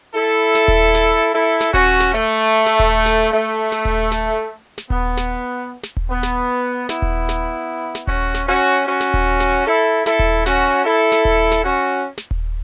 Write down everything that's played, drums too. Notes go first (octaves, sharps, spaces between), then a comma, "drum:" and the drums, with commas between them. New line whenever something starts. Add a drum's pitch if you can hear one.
E4 A4
drum: snare
drum: kick D#1
drum: snare
E4 A4
drum: snare
C#4 F#4, drum: kick D#1
drum: snare
A3
drum: snare
drum: kick D#1
drum: snare
A3
drum: snare
drum: kick D#1
drum: snare
drum: snare
B3, drum: kick D#1
drum: snare
drum: snare
drum: kick D#1
B3
drum: snare
B3 E4, drum: snare
drum: kick D#1
drum: snare
drum: snare
C#4 F#4, drum: kick D#1
drum: snare
C#4 F#4
C#4 F#4
drum: snare
drum: kick D#1
drum: snare
E4 A4
E4 A4, drum: snare
drum: kick D#1
C#4 F#4, drum: snare
E4 A4
drum: snare
drum: kick D#1
drum: snare
C#4 F#4
drum: snare
drum: kick D#1